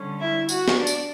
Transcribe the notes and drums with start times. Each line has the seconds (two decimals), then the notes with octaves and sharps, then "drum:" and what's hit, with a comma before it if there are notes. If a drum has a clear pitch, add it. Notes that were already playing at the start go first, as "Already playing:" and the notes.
Already playing: D3 G3 C#4
0.19 E4 E5
0.49 F#4 F#5, drum: tambourine
0.68 drum: snare
0.77 D4 D5
0.87 drum: tambourine